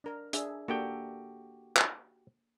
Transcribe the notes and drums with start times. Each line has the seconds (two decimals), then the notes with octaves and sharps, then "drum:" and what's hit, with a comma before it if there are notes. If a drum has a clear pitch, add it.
0.04 D4 A#4 A#5
0.33 D4 G#4 E5, drum: hi-hat
0.68 A#3 D4 F#4 G4 A4 G5
1.77 drum: clap